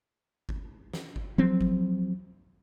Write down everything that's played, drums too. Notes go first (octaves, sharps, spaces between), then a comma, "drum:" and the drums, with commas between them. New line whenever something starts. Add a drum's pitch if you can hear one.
drum: kick G1
drum: snare
drum: kick G1
F3 F#3 C4
drum: kick G1